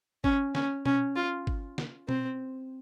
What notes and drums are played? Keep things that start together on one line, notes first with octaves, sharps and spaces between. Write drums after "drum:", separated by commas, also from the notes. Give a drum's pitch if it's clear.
C#4, drum: kick
C#4, drum: snare
C#4, drum: tom B2
F4
drum: kick
drum: snare
C4, drum: tom B2